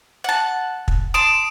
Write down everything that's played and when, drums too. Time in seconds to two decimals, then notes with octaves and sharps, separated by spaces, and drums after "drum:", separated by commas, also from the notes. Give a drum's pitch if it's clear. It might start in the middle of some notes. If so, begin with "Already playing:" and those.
0.24 F#5 A5
0.88 drum: kick
1.14 A5 C6 D#6 D7 E7